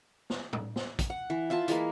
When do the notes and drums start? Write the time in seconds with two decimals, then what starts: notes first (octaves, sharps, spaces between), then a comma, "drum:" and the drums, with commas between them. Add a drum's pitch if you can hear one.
0.30 drum: snare
0.53 drum: tom A2
0.76 drum: snare
0.99 drum: kick, hi-hat
1.10 F#5
1.30 E3
1.50 E4 F4 B4 A5
1.68 E3 G#3 A#3, drum: hi-hat